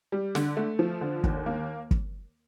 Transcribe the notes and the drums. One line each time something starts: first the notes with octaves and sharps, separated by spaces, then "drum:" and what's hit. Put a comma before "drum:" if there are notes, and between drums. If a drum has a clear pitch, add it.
G3
D3, drum: snare
A3
F3
D3
D#2, drum: kick
A#3
drum: kick